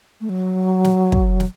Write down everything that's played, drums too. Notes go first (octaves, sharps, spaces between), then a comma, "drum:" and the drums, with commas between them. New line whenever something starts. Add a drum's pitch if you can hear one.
A3
F#3
drum: snare
drum: kick
drum: snare